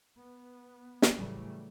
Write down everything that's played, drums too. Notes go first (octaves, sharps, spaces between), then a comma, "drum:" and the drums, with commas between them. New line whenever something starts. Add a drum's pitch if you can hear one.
B3
drum: snare
A2 C#3 E3 F#3 G3 A3